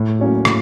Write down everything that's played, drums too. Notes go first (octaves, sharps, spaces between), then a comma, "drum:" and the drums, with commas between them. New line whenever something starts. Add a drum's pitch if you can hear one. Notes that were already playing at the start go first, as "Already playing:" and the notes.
Already playing: A2
F#3 A#3 C#4 F#4
A2, drum: rim click